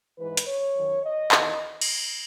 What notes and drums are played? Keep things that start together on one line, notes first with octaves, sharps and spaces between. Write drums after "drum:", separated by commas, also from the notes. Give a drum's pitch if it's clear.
G#2 E3 B4
drum: hi-hat
C#5
F#2 D#3
D#5
E2 D#3, drum: clap
drum: cymbal